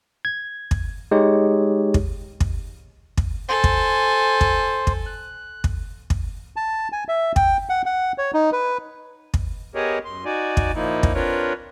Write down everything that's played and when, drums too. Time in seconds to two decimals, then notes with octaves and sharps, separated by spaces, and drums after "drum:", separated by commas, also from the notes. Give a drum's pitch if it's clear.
0.25 G#6
0.71 drum: kick
1.11 G#3 D#4 G4 C#5
1.94 drum: kick
2.40 drum: kick
3.17 drum: kick
3.49 A4 C5 G#5
3.64 drum: kick
4.41 drum: kick
4.87 drum: kick
5.06 F#6
5.64 drum: kick
6.10 drum: kick
6.56 A5
6.92 G#5
7.08 E5
7.36 G5, drum: kick
7.69 F#5
7.86 F#5
8.18 C#5
8.34 D#4
8.52 B4
9.34 drum: kick
9.75 B3 G4 G#4 A#4 C#5 D#5
10.05 F#2 C6
10.25 D#4 F#4 D5 G#5
10.57 drum: kick
10.74 A#2 F3 A#3 D#4 E4
11.03 drum: kick
11.14 C4 D4 F4 A#4 B4 C#5